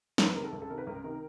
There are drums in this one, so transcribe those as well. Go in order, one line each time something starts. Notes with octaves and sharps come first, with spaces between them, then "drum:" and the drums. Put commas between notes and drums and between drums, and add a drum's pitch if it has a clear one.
C#2 A#4, drum: snare
B4
C3 D#3 A#4
A4
C#2
A4
C3 D#3 A#4
B4
C#2 A#4
C3 D#3